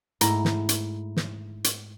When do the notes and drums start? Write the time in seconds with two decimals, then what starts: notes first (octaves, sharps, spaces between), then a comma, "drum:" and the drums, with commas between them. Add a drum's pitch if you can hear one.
0.21 G#2 A3 E4 A#5 A#6, drum: hi-hat
0.45 drum: snare
0.69 drum: hi-hat
1.17 drum: snare
1.64 drum: hi-hat